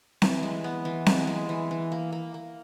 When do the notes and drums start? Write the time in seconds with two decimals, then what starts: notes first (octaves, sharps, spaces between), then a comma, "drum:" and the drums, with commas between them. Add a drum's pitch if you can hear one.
0.22 E3, drum: snare C4
0.43 G#3
0.64 B3
0.85 E3
1.06 G#3, drum: snare C4
1.27 G#3
1.49 E3
1.71 E3
1.92 A#3
2.12 A#3
2.34 A#3